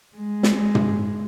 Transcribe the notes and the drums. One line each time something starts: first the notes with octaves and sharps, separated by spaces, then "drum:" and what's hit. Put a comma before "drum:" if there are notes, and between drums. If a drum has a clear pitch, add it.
G#3
drum: snare
drum: tom